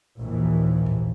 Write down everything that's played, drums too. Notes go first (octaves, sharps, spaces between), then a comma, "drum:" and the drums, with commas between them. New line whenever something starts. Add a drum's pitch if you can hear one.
A#1 D#2 E3
drum: tom G2